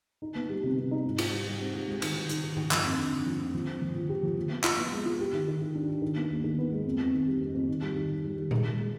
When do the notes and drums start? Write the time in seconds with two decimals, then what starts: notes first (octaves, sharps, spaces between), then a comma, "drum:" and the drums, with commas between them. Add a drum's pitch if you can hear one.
0.22 D#4
0.35 B3
0.49 G3
0.63 C3
0.77 C3
0.91 D#4
1.05 G#2
1.18 F4, drum: cymbal
1.32 G3
1.47 G3
1.61 C4
1.75 G3
1.87 G#3
2.02 D#3, drum: cymbal
2.15 D#3
2.29 D#3, drum: hi-hat
2.44 D#3
2.57 D#3, drum: tom G2
2.71 F3, drum: clap
2.85 F2
2.98 D3
3.12 D3
3.26 F3
3.40 F2
3.54 F3
3.67 C4
3.82 F3
3.95 F3
4.09 G4
4.23 F3
4.37 F3
4.50 B3
4.64 F4, drum: clap
4.78 B3
4.92 G#3
5.05 F4
5.20 G4
5.33 D#3
5.48 D#3
5.61 D#3
5.75 D4
5.89 D4
6.02 D#3
6.16 B3
6.30 D#2
6.44 D#3
6.58 B3
6.72 G#3
6.85 F2
7.00 F2
7.13 D#3
7.27 G3
7.40 F2
7.54 F2
7.69 D#3
7.82 G3
7.96 D#3
8.09 D#3
8.24 G3
8.38 D#3
8.51 G#3, drum: tom A#2
8.66 G#3
8.79 G#3